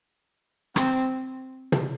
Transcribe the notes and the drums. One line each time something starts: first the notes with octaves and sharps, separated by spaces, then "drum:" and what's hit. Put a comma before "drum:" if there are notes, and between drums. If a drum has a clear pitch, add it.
C4, drum: rim click
drum: tom